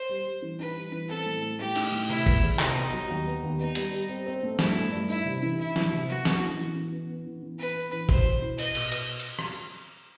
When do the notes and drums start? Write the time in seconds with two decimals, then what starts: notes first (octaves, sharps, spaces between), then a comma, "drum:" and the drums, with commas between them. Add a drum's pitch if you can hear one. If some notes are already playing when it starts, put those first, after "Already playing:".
Already playing: C5
0.09 G3
0.26 G3
0.42 E3
0.59 D#4 B4
0.76 G3
0.92 E3
1.09 C4 A4
1.26 A2
1.43 A2
1.59 A2 G4
1.75 D#4, drum: cymbal
1.92 A2
2.09 C3 E4
2.26 B3, drum: kick G#1
2.42 E2
2.59 C3 D#4, drum: clap
2.75 B3
2.92 F#3
3.09 D#2
3.26 B3
3.43 D#2
3.59 B3 D#4
3.75 G3, drum: hi-hat
3.92 G3
4.09 C4
4.26 C4
4.43 A3
4.59 G2 E4, drum: snare
4.76 A3
4.92 G2
5.09 D#4 E4
5.25 C3
5.43 E3
5.59 D#4 E4
5.76 E3, drum: snare
5.92 C3
6.09 B3 F#4
6.25 B3, drum: snare
6.42 E3
6.59 E3
6.76 E3
6.92 B3
7.10 B3
7.26 E3
7.42 E3
7.59 B3 B4
7.75 B3
7.93 E3
8.09 B2 C5, drum: kick G#1
8.25 B2
8.42 E4
8.59 B4 D#5, drum: open hi-hat
8.75 B2, drum: cymbal
8.92 B4, drum: hi-hat
9.20 drum: cymbal
9.39 drum: rim click